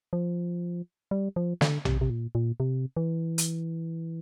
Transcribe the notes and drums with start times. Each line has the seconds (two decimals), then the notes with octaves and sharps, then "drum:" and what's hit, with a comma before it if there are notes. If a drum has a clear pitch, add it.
0.13 F3
1.11 G3
1.36 F3
1.61 D3, drum: snare
1.85 C3, drum: tom A#1
2.01 C3
2.10 A#2
2.35 A#2
2.60 C3
2.97 E3
3.38 drum: hi-hat